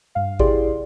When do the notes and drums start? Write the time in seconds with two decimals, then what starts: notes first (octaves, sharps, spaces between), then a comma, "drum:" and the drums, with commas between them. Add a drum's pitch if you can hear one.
0.15 G2 F5
0.39 E4 G4 G#4 D5 C6, drum: kick G#1